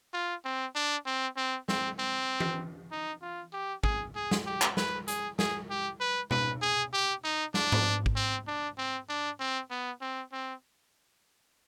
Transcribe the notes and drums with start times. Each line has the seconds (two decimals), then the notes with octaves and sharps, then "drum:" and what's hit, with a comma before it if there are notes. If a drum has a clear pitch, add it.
0.13 F4
0.45 C4
0.75 D4
1.06 C4
1.37 C4
1.68 C4, drum: snare
1.99 C4
2.40 drum: tom E3
2.91 D#4
3.22 F4
3.53 G4
3.84 G#4, drum: kick
4.15 G#4
4.31 drum: snare
4.46 G4
4.62 drum: clap
4.77 B4, drum: snare
5.08 G#4, drum: hi-hat
5.39 G#4, drum: snare
5.70 G4
6.00 B4
6.31 B4, drum: tom B2
6.62 G#4
6.93 G4
7.24 D#4
7.54 D4, drum: snare
7.72 drum: tom G#2
8.06 drum: kick
8.16 C4
8.47 D4
8.78 C4
9.09 D4
9.40 C4
9.70 B3
10.01 C4
10.32 C4